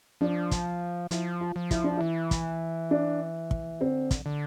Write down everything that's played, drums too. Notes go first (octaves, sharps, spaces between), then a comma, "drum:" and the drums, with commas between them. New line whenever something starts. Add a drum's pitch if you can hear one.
F3 D4
drum: kick, hi-hat
F3 E4, drum: hi-hat
F4
F3
E4, drum: kick, hi-hat
D4
E3 E4
drum: kick, hi-hat
D4
drum: kick
D3 C4
drum: kick, hi-hat
D3